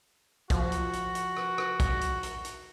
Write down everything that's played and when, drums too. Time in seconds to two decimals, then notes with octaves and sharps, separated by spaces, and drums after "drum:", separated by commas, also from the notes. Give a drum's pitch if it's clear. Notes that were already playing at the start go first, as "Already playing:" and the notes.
0.50 F3 F#4, drum: kick, hi-hat
0.72 drum: hi-hat
0.93 drum: hi-hat
1.15 drum: hi-hat
1.37 drum: rim click
1.58 drum: rim click
1.80 drum: kick, hi-hat
2.01 drum: hi-hat
2.23 drum: hi-hat
2.45 drum: hi-hat